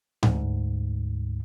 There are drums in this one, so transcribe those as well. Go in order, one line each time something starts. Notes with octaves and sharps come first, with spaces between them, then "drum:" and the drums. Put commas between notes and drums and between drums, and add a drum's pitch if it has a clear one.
D2 G#2, drum: tom G#2